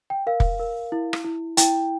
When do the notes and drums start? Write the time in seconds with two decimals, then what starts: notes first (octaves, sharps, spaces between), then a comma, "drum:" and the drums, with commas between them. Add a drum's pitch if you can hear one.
0.10 G5
0.27 A#4 F5
0.40 drum: kick
0.60 A#4
0.92 E4
1.13 drum: rim click
1.24 E4
1.57 E4 G5, drum: hi-hat